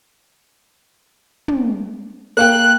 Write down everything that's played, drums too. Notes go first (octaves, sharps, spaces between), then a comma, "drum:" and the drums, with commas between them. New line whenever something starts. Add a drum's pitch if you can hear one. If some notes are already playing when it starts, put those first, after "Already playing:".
drum: tom
A#3 F5 G5 F#6